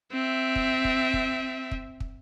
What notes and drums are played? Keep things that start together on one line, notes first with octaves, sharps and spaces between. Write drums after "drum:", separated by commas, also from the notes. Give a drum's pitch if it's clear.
C4 E5
drum: kick
drum: kick
drum: kick
drum: kick
drum: kick